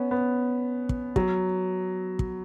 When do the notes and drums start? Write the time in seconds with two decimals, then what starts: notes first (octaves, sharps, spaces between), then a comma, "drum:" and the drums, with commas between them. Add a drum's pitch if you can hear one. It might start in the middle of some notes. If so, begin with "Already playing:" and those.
Already playing: B3 C#4
0.11 B3
0.89 drum: kick
1.16 F#3, drum: kick
2.19 drum: kick